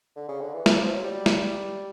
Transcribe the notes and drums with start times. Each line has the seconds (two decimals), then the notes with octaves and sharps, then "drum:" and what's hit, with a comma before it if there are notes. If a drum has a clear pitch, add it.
0.16 D3
0.29 C#3
0.41 D3
0.54 E3
0.66 E3, drum: snare
0.79 F3
0.91 F#3
1.04 G3
1.26 drum: snare